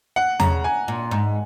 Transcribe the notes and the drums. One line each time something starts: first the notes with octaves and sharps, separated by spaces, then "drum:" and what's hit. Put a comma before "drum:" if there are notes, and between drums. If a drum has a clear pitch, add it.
F#5
C#3 A#5, drum: tom E2
G#5
A#2
G#2